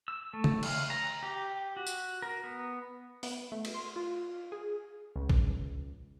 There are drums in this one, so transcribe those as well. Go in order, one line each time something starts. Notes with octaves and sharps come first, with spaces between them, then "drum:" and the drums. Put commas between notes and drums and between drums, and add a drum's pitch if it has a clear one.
E6
A3
drum: tom C#3
F5, drum: cymbal
A#5
G4
F#4
drum: tambourine
A#4
B3
B3, drum: open hi-hat
A3
drum: cymbal
C6
F4
G#4
C#2
drum: kick